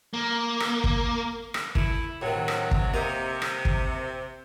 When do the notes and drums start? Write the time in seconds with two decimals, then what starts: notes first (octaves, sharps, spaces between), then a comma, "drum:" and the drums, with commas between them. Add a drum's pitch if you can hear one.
0.14 A#3
0.60 drum: rim click
0.84 drum: kick
1.54 drum: rim click
1.75 A3 E4, drum: kick
2.21 D2 A2 C3 D#3 F#3
2.48 drum: rim click
2.71 drum: kick
2.94 C3 A#3 D#4
3.42 drum: rim click
3.65 drum: kick